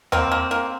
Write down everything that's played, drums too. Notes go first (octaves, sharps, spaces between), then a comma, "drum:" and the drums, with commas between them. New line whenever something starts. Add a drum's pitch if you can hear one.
A#3 C4, drum: tom E2
A#3
A#3